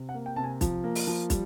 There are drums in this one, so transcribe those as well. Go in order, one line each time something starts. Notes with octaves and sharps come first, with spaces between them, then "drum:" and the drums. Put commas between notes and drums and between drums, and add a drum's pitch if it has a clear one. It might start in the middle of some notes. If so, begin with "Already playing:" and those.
Already playing: C3
F#5
A#3
G5
C3 A5
G#5
F3, drum: kick, hi-hat
A#3
drum: open hi-hat
F3
G3, drum: kick, hi-hat